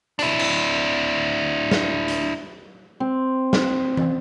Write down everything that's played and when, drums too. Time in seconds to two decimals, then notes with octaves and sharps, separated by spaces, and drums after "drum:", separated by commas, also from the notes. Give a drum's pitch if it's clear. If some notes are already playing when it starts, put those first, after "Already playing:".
0.19 D4 E4, drum: hi-hat
0.39 drum: cymbal
1.71 drum: snare
2.08 drum: hi-hat
3.00 C4
3.53 drum: snare
3.97 drum: tom E3